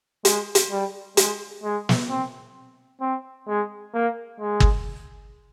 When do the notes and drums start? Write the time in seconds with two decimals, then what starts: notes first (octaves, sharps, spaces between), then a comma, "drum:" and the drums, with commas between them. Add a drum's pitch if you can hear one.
0.25 G#3, drum: hi-hat
0.55 drum: hi-hat
0.71 G3
1.17 G#3, drum: hi-hat
1.63 G#3
1.89 drum: snare
2.09 C4
3.01 C4
3.48 G#3
3.94 A#3
4.40 G#3
4.60 drum: kick